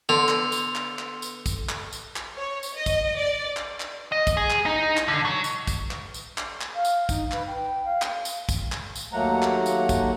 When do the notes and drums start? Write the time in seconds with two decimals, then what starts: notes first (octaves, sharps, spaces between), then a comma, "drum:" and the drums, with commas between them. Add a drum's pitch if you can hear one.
0.09 D3 B3 C6 F7
0.29 drum: clap
0.52 drum: tambourine
0.75 drum: clap
0.99 drum: clap
1.22 drum: tambourine
1.46 drum: kick, tambourine
1.69 drum: clap
1.93 drum: tambourine
2.16 drum: clap
2.35 C#5
2.63 drum: tambourine
2.75 D#5
2.86 drum: kick, tambourine
3.16 D5
3.57 drum: clap
3.80 drum: clap
4.12 D#5
4.27 drum: kick, tambourine
4.37 G#4
4.50 drum: clap
4.66 D#4
4.97 drum: clap
5.08 D3
5.25 F#3
5.44 drum: tambourine
5.67 drum: kick, tambourine
5.91 drum: clap
6.14 drum: tambourine
6.38 drum: clap
6.61 drum: clap
6.74 F5
6.85 drum: tambourine
7.09 D#4, drum: kick, tambourine
7.31 B4, drum: clap
7.47 G5
7.85 F5
8.02 drum: clap
8.25 drum: tambourine
8.49 drum: kick, tambourine
8.72 drum: clap
8.95 drum: tambourine
9.13 D#2 F#3 A3 A#3 F#5 A#5
9.42 drum: clap
9.66 drum: tambourine
9.89 drum: kick, tambourine